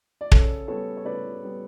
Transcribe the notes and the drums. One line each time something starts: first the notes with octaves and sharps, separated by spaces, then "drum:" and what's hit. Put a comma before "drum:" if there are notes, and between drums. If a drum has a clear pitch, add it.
D5
C#3 A4 C#5, drum: kick
G3 B3 A4 C#5
C#5
C#3 B4 D5
G3 B3